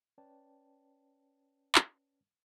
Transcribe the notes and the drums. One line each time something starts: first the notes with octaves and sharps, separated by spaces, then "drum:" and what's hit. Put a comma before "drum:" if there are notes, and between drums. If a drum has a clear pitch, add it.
C#4 B4 C#5 D5 G5 A5
drum: clap